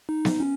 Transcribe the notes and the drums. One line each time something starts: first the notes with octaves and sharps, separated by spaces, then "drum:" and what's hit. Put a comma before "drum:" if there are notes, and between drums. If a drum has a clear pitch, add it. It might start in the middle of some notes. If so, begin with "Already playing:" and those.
D#4
drum: snare B3
C#4